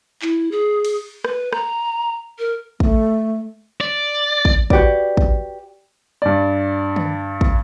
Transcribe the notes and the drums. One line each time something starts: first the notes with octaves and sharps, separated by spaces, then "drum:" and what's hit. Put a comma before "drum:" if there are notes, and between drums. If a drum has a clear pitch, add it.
E4, drum: clap
G#4
drum: cymbal
B4, drum: rim click
A#5, drum: rim click
A#4
A3, drum: kick
D5
drum: kick
F#4 G4 B4 D5, drum: kick
drum: kick
G2 D5
drum: tom D3
drum: kick